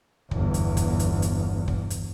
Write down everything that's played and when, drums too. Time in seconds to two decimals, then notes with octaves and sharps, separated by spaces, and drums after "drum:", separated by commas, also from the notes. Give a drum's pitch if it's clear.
0.31 G1 E2, drum: kick
0.54 drum: hi-hat
0.77 drum: kick, hi-hat
0.99 drum: hi-hat
1.22 drum: hi-hat
1.68 drum: kick
1.90 drum: hi-hat